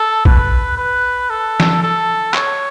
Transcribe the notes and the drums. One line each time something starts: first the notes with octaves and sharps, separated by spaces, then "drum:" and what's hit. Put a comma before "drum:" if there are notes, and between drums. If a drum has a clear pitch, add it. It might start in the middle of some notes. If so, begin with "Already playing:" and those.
Already playing: A4
B4, drum: kick A#1
B4
A4
drum: snare
A4
C#5, drum: clap